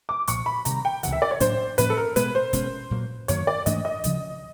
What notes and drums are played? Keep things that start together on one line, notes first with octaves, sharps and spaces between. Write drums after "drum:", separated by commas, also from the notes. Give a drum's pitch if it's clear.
D6
C2 A#2 F3 C#6, drum: hi-hat
B5
C3 D#3 G3 A#5, drum: hi-hat
G5
C#2 C3 E3 F#5, drum: hi-hat
E5
D5
C#5
A2 F#3 A#3 D4 C5, drum: hi-hat
A2 F3 A#3 C#4 B4, drum: hi-hat
A4
A#4
B2 G#3 B3 B4, drum: hi-hat
C5
B2 G#3 C#4, drum: kick, hi-hat
A#2 F#3 A#3
F#2 D#3 F#3 A#3 C#5, drum: hi-hat
D5
G#2 E3 A3 D4 D#5, drum: hi-hat
D#5
D2 C#3 F3, drum: hi-hat